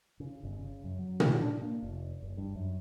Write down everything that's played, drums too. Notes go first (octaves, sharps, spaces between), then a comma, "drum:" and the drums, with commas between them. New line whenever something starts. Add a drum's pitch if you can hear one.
C#3
G1
C#3
F#2
F#3
C#3, drum: tom A#2
D4
A#3
F1
F#1
G2
F#2